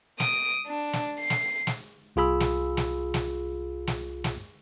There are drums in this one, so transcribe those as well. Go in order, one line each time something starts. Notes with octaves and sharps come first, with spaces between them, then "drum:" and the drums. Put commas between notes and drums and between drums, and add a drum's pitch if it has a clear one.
D#6 D7, drum: snare
D4
drum: snare
C7
drum: snare
drum: snare
C2 F4 G#4 B5 E6
drum: snare
drum: snare
drum: snare
drum: snare
drum: snare